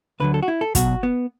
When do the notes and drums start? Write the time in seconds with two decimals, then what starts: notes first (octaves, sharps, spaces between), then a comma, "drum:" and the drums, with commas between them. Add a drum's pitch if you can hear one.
0.20 D2 D3 F#3 B4
0.34 A4
0.43 F#4
0.48 E4
0.61 A4
0.75 B1 B2 F#3 F#4, drum: kick, hi-hat
1.03 B3